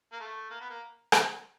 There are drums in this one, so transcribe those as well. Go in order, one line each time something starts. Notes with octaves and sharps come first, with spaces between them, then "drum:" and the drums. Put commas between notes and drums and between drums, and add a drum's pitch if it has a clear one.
A#3
A3
A#3
B3
A#3
drum: rim click